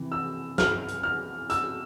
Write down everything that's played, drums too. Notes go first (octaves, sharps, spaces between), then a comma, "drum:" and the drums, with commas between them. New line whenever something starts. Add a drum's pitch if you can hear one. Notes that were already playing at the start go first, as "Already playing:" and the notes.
Already playing: C3 E3
E6
F6, drum: snare
drum: hi-hat
F6
E6, drum: hi-hat